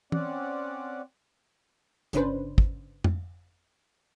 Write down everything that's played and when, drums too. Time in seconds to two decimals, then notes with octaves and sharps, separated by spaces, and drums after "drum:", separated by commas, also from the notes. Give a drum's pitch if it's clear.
0.12 C4 C#4 D5 F#5, drum: tom E3
2.13 G1 C#3 C#4 D4 B4 C5, drum: hi-hat
2.58 drum: kick
3.04 drum: tom F2